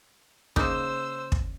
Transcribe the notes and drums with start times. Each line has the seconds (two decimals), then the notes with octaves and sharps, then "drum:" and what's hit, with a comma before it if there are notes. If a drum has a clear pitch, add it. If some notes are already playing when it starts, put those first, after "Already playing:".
0.56 C#3 A#3 D#4 C5 E6, drum: kick
1.32 drum: kick